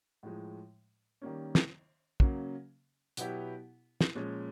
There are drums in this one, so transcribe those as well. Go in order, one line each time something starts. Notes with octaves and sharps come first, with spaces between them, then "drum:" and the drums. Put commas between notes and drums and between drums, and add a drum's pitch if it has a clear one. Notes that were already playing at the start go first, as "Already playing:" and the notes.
A2 F3 G#3
D#3 G3 A#3 C#4
drum: snare
C#3 F#3 A#3 C#4, drum: kick
B2 F#3 B3 E4 G4, drum: hi-hat
drum: snare
A#2 F3 G#3 C#4